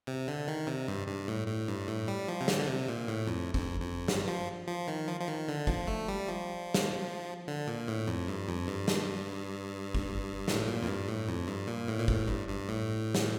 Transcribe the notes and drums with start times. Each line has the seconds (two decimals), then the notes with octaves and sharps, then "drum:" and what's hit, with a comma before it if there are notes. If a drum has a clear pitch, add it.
0.07 C3
0.28 D3
0.48 D#3
0.67 C3
0.88 G2
1.08 G2
1.28 A2
1.48 A2
1.68 G2
1.88 A2
2.08 G3
2.28 F3
2.41 C3
2.48 D3, drum: snare
2.58 D3
2.68 C3
2.88 A#2
3.08 A2
3.27 F2
3.54 F2, drum: kick
3.81 F2
4.08 G2, drum: snare
4.27 F3
4.68 F3
4.88 D#3
5.08 F3
5.21 F3
5.28 D#3
5.48 D3
5.67 F3, drum: kick
5.87 A3
6.08 G3
6.28 F3
6.74 drum: snare
7.48 D3
7.67 A#2
7.88 A2
8.07 F2
8.28 G2
8.48 F2
8.68 G2
8.88 drum: snare
9.95 drum: kick
10.48 A2, drum: snare
10.67 A#2
10.82 F2
10.87 G2
11.08 A2
11.28 F2
11.48 G2
11.67 A#2
11.88 A2
11.98 A#2
12.08 A2, drum: kick
12.28 G2
12.48 G2
12.68 A2
13.15 drum: snare